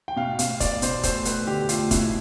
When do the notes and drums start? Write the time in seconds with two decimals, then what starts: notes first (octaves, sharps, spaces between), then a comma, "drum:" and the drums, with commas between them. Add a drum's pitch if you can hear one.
0.08 G5
0.16 B2 F5
0.39 B2 F5, drum: hi-hat
0.60 A3 D5, drum: kick E1, hi-hat
0.82 B2 C5, drum: hi-hat
1.03 A3 C5, drum: kick E1, hi-hat
1.25 A3 B4, drum: hi-hat
1.47 D3 G4
1.69 A3 F4, drum: hi-hat
1.91 B2 E4, drum: kick E1, hi-hat